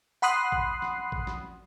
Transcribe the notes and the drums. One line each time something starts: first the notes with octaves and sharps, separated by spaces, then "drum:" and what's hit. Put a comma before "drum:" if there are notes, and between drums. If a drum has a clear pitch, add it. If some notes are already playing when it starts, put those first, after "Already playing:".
F#5 B5 C6 D#6 F#6 C7
drum: kick
drum: snare
drum: kick
drum: snare